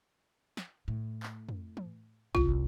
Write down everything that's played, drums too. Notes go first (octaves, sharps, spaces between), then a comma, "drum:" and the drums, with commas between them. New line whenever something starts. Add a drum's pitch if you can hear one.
drum: snare
A2
drum: clap
drum: tom F2
drum: tom E3
F#1 C2 F4, drum: kick